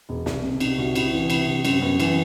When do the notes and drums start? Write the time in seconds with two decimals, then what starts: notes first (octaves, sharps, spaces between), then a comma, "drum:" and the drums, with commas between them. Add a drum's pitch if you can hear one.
0.09 E1
0.26 C2, drum: snare
0.44 C3
0.60 C3 D#4, drum: cymbal
0.78 C2 F#4
0.95 C2 E4, drum: cymbal
1.13 E3
1.30 C3 E4, drum: cymbal
1.47 C3
1.65 F#2 C4, drum: cymbal
1.82 F#2 B3
2.00 E3, drum: cymbal